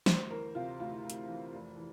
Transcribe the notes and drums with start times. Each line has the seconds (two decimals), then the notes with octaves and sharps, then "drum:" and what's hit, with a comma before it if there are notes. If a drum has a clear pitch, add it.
0.06 D2 C5, drum: snare
0.31 E3 A#4
0.55 C3 F4
0.80 D2 F4
0.90 E4
1.04 D2
1.10 E4, drum: hi-hat
1.28 E3
1.53 F1
1.77 E3